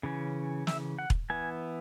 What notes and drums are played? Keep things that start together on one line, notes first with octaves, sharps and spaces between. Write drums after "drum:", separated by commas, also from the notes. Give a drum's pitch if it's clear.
C#3 E3 C#4
E5, drum: snare
F#5
drum: kick E1
E3 B3 G#5